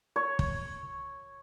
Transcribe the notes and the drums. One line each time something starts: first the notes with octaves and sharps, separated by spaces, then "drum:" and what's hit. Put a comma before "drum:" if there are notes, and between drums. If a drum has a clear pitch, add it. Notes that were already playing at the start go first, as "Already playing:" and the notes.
C#5
drum: kick